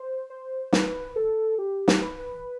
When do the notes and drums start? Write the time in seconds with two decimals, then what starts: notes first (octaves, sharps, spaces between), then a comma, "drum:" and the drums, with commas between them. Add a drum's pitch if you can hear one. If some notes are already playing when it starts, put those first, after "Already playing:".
Already playing: C5
0.30 C5
0.73 B4, drum: snare
1.16 A4
1.59 G4
1.88 drum: snare
2.02 B4